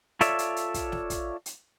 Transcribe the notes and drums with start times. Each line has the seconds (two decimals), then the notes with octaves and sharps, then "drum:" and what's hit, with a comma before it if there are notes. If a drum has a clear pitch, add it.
0.21 F4 A4 C#5 D5 E5, drum: hi-hat
0.39 drum: hi-hat
0.56 drum: hi-hat
0.74 drum: kick, hi-hat
0.92 drum: snare
1.10 drum: kick, hi-hat
1.46 drum: hi-hat